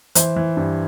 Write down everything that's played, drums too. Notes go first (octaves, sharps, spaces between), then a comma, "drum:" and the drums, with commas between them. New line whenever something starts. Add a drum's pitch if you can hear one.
E3 C5, drum: hi-hat
E3
G2